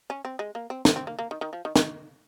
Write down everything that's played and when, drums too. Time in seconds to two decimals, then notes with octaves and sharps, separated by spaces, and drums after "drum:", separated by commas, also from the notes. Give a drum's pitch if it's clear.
0.10 C#4
0.25 C4
0.39 G#3
0.55 A#3
0.70 C4
0.85 C4, drum: snare
0.96 C4
1.07 A#3
1.19 A#3
1.31 D#3
1.41 D#3
1.53 F3
1.65 D#3
1.76 D#3, drum: snare